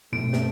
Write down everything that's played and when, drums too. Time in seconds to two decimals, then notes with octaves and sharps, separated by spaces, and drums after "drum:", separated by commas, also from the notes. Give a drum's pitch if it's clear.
0.12 B2 A3 C4 D7, drum: tom
0.33 drum: snare